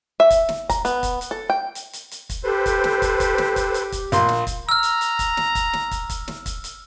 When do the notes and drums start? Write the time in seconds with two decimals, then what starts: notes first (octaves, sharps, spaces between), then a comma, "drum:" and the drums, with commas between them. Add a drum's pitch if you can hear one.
0.20 E5
0.30 drum: kick, hi-hat
0.49 drum: snare
0.70 A#5, drum: kick, hi-hat
0.85 B3, drum: hi-hat
1.03 drum: kick, hi-hat
1.21 drum: hi-hat
1.31 A4
1.50 G5
1.75 drum: hi-hat
1.93 drum: hi-hat
2.11 drum: hi-hat
2.30 drum: kick, hi-hat
2.43 G4 A4 B4 C5
2.66 drum: kick, hi-hat
2.84 drum: snare
3.02 drum: kick, hi-hat
3.20 drum: kick, hi-hat
3.38 drum: snare
3.56 drum: kick, hi-hat
3.74 drum: hi-hat
3.92 drum: kick, hi-hat
4.12 A#1 C6, drum: hi-hat
4.29 drum: snare
4.47 drum: kick, hi-hat
4.69 A#5 E6 F6
4.83 drum: hi-hat
5.01 drum: hi-hat
5.19 drum: kick, hi-hat
5.37 drum: snare
5.55 drum: kick, hi-hat
5.73 drum: snare
5.91 drum: kick, hi-hat
6.10 drum: kick, hi-hat
6.28 drum: snare
6.46 drum: kick, hi-hat
6.64 drum: hi-hat